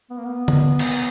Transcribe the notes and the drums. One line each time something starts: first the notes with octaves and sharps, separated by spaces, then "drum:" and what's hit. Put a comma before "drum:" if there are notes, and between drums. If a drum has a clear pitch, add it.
B3
A#3
B3
drum: tom D3
drum: cymbal